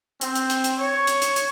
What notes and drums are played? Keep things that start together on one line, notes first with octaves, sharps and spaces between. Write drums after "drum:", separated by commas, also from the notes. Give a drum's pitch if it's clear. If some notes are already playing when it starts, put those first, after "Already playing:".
C4, drum: hi-hat
drum: hi-hat
drum: hi-hat
drum: hi-hat
C#5
drum: hi-hat
drum: hi-hat
drum: hi-hat